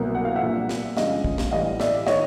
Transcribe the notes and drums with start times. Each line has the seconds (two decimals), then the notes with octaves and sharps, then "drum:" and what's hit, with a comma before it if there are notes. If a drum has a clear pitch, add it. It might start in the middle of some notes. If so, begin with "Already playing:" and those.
Already playing: C2 B2 F#3 A#3
0.15 F#5
0.25 F5
0.36 E5 F#5
0.41 A#1 A#2 G3
0.69 drum: snare
0.97 G1 F#2 C#3 F3 G#3 D#5 F5, drum: snare
1.24 drum: kick
1.38 drum: snare
1.51 A2 E3 G3 D#5 F5
1.80 D5 E5, drum: snare
2.07 D#3 C#5 D#5, drum: snare